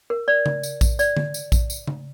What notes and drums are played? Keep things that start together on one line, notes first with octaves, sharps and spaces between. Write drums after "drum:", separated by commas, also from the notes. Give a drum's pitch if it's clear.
A#4
D5
drum: tom C#3
drum: tambourine
drum: kick A#1, tambourine
D5, drum: tambourine
drum: tom D3
drum: tambourine
drum: kick A#1, tambourine
drum: tambourine
drum: tom C#3